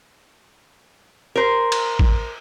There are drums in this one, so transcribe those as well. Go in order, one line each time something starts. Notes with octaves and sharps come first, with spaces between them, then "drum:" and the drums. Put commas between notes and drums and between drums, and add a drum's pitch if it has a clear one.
A#4 C5
drum: cymbal
drum: kick A1